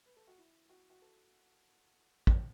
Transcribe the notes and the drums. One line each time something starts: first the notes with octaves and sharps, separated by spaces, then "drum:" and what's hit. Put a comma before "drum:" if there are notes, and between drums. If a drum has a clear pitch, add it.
B4
A4
F#4
E4
F#4
F#4
A4
drum: kick